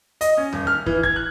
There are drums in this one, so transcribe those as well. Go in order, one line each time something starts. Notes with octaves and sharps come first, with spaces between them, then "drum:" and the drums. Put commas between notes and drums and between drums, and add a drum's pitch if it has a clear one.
D#5, drum: hi-hat
C#4
D#1, drum: tom D#2
F6
E3, drum: kick
G#6, drum: kick
F#6